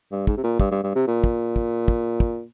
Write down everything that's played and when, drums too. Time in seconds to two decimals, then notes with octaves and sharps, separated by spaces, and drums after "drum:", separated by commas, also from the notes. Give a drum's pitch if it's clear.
0.11 G2
0.27 G#2, drum: kick
0.37 C3
0.43 A#2
0.60 G2, drum: kick
0.71 G2
0.83 G2
0.95 C3
1.07 A#2
1.24 drum: kick
1.56 drum: kick
1.88 drum: kick
2.20 drum: kick